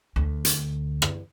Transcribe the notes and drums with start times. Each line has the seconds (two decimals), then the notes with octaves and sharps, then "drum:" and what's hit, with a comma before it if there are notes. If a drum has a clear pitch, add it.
0.16 D2
0.45 drum: hi-hat
1.02 drum: rim click